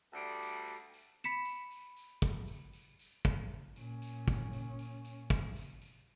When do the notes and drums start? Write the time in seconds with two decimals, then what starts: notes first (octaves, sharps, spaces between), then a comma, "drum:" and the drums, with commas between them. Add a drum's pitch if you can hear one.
0.12 D2 D3 G3
0.42 drum: tambourine
0.68 drum: tambourine
0.94 drum: tambourine
1.24 B5 B6 C#7 E7
1.45 drum: tambourine
1.71 drum: tambourine
1.96 drum: tambourine
2.22 drum: kick, tambourine
2.48 drum: tambourine
2.74 drum: tambourine
2.99 drum: tambourine
3.25 drum: kick, tambourine
3.76 A#2 C#4, drum: tambourine
4.02 drum: tambourine
4.28 drum: kick, tambourine
4.53 drum: tambourine
4.79 drum: tambourine
5.05 drum: tambourine
5.30 drum: kick, tambourine
5.56 drum: tambourine
5.82 drum: tambourine